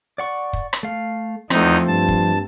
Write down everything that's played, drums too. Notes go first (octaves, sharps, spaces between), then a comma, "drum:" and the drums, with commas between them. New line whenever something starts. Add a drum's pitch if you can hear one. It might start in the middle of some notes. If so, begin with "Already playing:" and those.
D5 F#5 C#6
drum: kick
drum: rim click
A3 F5
E2 F3 A3 C4 D#4, drum: rim click
G2 A5
drum: kick